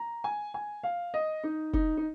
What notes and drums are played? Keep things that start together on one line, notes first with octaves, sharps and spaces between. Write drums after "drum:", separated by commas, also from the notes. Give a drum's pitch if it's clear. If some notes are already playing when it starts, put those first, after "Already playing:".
Already playing: A#5
G#5
G#5
F5
D#5
D#4
D#4, drum: kick
D#4